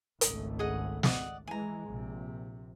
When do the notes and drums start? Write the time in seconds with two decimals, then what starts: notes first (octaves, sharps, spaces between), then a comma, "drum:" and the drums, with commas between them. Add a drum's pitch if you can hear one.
0.21 G#1 C#2 A3, drum: hi-hat
0.59 G#4 D#5 F#5
1.03 D5 D#5 F#5, drum: snare
1.47 E3 G#3 G#5 A#5
1.85 A#1 C3